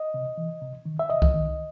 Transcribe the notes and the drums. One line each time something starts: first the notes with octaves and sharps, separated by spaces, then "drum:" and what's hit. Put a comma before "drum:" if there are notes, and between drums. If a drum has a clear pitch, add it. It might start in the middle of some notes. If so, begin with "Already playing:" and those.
Already playing: D#5
C3
E3
C3
D#3
E5
C3 D#5
drum: kick C2
D#3